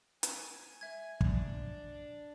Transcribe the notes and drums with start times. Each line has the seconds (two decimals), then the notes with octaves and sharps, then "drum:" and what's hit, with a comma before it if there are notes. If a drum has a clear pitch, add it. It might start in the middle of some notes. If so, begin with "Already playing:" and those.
0.23 G#5, drum: hi-hat
0.81 E5 G#6
1.21 D4, drum: kick